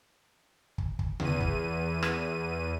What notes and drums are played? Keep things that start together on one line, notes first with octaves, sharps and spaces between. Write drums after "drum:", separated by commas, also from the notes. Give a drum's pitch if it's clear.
drum: kick
drum: kick
E2 D#7, drum: tom C3
drum: kick
drum: rim click